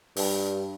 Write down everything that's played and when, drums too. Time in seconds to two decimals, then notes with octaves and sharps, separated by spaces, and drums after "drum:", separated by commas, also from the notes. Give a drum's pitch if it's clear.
0.16 G2, drum: open hi-hat